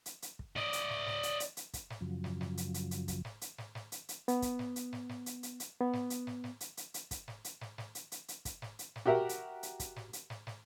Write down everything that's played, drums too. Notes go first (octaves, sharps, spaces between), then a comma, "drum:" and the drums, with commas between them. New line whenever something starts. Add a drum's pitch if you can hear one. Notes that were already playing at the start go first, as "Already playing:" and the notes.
drum: hi-hat
drum: hi-hat
drum: kick
D5 D#5, drum: snare
drum: hi-hat
drum: snare
drum: snare
drum: hi-hat
drum: hi-hat
drum: hi-hat
drum: kick, hi-hat
drum: snare
F#2 C#3 F3 F#3
drum: snare
drum: snare
drum: hi-hat
drum: hi-hat
drum: hi-hat
drum: kick, hi-hat
drum: snare
drum: hi-hat
drum: snare
drum: snare
drum: hi-hat
drum: hi-hat
B3, drum: hi-hat
drum: kick, hi-hat
drum: snare
drum: hi-hat
drum: snare
drum: snare
drum: hi-hat
drum: hi-hat
drum: hi-hat
B3
drum: snare
drum: hi-hat
drum: snare
drum: snare
drum: hi-hat
drum: hi-hat
drum: hi-hat
drum: kick, hi-hat
drum: snare
drum: hi-hat
drum: snare
drum: snare
drum: hi-hat
drum: hi-hat
drum: hi-hat
drum: kick, hi-hat
drum: snare
drum: hi-hat
drum: snare
F#4 G4 A#4 E5 F#5
drum: hi-hat
drum: hi-hat
drum: kick, hi-hat
drum: snare
drum: hi-hat
drum: snare
drum: snare